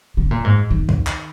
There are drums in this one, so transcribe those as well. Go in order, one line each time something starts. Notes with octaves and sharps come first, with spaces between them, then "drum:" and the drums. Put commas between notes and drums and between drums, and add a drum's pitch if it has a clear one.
D3
A#2
G#2
D#3
drum: kick
drum: clap